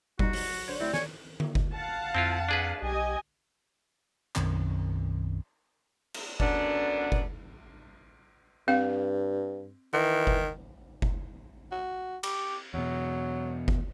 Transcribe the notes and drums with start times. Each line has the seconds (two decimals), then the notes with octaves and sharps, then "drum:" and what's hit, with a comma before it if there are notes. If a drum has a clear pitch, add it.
0.19 C3 G3 D#4 F#4, drum: kick F#1
0.33 F#3, drum: open hi-hat
0.68 D3 C5 C#5
0.81 A3 C4 E4 G4
0.94 C#5 G#5, drum: snare
1.40 drum: tom D3
1.55 drum: kick F#1
1.73 F5 F#5 A5
2.15 F2 C4 E4 F4
2.49 D4 G#4 B4
2.82 B1 G4 D#5 G#5
4.36 B1 F#2 D#3 C4, drum: clap
6.14 drum: cymbal
6.40 F#2 D3 B3 D4, drum: kick F#1
7.12 drum: kick F#1
8.68 G2 C4 F5
9.93 D#3 E3
10.27 drum: kick F#1
11.02 drum: kick F#1
11.72 F#4
12.23 G4, drum: cymbal
12.74 E2 B2 F#3
13.68 drum: kick F#1